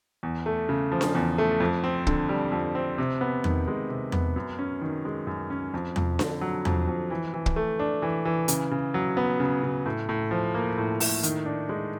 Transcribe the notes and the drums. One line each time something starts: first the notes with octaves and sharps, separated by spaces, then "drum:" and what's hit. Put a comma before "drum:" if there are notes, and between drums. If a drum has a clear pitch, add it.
E2
A3
C#3
F3
drum: snare D4
E2
A3
F2
C4
D3, drum: kick
G3
F2
C4
C3
B3
D#3, drum: tom E2
G#3
C3
B3, drum: tom E2
F#2
C#4
D#3
G#3
F#2
C#4
F2
F2, drum: tom E2
D3, drum: snare D4
F#3
F2, drum: tom E2
F2
E3
E3
drum: kick
A3
D4
E3
E3
C#3, drum: hi-hat
C#3
F#3
B3
C#3
C#3
A2
A2
F3
A#3
A2
A2, drum: open hi-hat
D#3, drum: hi-hat
D4
G#3